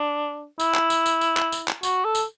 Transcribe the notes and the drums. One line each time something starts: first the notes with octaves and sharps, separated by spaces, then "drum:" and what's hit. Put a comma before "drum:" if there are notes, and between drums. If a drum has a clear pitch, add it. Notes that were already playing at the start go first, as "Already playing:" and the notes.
Already playing: D4
E4, drum: tambourine
drum: clap
drum: tambourine
drum: tambourine
drum: tambourine
drum: clap
drum: tambourine
drum: clap
F#4, drum: tambourine
A4
drum: tambourine